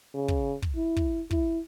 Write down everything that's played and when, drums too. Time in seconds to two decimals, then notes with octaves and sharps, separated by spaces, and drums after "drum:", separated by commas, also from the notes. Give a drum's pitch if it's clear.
0.14 C#3
0.28 drum: kick
0.62 drum: kick
0.76 E4
0.96 drum: kick
1.31 E4, drum: kick